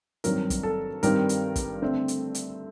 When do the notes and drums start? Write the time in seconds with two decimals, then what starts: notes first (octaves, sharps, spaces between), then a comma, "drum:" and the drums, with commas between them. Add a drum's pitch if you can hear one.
0.24 G2 D#3 F#3 C4 A#4, drum: hi-hat
0.50 drum: kick, hi-hat
0.63 A4
1.03 G2 D#3 G3 C4 A#4, drum: hi-hat
1.29 drum: hi-hat
1.56 drum: kick, hi-hat
1.82 D3 A3 C4
2.08 drum: hi-hat
2.35 drum: hi-hat